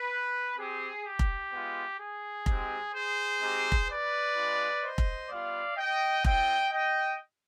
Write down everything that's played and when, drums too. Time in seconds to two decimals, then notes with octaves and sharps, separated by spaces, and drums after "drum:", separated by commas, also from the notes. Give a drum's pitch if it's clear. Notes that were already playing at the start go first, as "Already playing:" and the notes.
Already playing: B4
0.56 C4 G4 G#4
1.03 G4
1.19 drum: kick F1
1.51 G#3 B3 F4
1.98 G#4
2.46 G#3 C4 D#4 G4, drum: kick F1
2.93 G#4 C5
3.40 G#3 C4 D#4 G4
3.72 drum: kick F1
3.88 B4 D5
4.35 G#3 D4 F4
4.82 C5 D#5
4.98 drum: kick F1
5.29 G3 B3 F4 D5 F5
5.77 D#5 G5
6.24 C4 F4 D#5 G5, drum: kick F1
6.71 D#5 G5